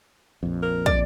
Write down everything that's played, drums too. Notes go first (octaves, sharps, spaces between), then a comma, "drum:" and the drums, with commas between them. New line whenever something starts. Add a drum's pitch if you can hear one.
A#1 F2
A#4
D5, drum: kick